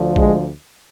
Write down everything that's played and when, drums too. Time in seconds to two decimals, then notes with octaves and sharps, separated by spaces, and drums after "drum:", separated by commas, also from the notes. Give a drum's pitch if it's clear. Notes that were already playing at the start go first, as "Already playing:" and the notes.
Already playing: D2 D3 F3
0.16 G#3, drum: kick